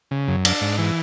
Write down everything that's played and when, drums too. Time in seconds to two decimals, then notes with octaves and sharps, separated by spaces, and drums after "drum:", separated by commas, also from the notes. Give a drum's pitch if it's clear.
0.11 C#3
0.28 F#2
0.45 D4, drum: cymbal
0.61 G#2
0.78 E3